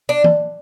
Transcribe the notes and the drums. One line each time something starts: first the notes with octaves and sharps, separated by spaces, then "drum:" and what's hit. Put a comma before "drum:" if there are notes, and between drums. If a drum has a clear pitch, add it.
D4
drum: tom E3